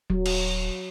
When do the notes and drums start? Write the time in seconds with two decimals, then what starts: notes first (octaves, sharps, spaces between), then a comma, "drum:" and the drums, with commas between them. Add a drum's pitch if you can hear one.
0.10 D#1 F#3
0.26 drum: cymbal